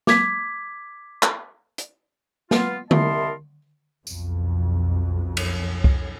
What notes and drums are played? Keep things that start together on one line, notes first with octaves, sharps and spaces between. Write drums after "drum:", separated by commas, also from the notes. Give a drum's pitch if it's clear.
D6 G#6 B6, drum: snare
drum: clap
drum: hi-hat
B3 F4, drum: snare
C2 E4 A#4 D#5 A5 C6, drum: tom D3
B1 F2, drum: tambourine
drum: cymbal
drum: kick C2